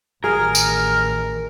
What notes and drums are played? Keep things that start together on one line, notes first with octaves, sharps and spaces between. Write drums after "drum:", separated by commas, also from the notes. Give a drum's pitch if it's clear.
A1 D#3 G#4 A#4 F6
drum: tambourine